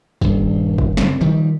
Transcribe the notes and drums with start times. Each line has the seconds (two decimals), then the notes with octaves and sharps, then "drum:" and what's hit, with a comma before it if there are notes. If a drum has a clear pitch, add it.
0.21 D#1 G2, drum: kick
0.78 drum: kick
0.97 F#1 C4, drum: snare
1.21 D#3 F3 G3